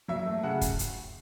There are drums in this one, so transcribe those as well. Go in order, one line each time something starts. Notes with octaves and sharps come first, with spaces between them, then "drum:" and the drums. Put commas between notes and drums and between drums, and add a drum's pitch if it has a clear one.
F#3 E5
A3
C#3 F#5
drum: kick, hi-hat
drum: hi-hat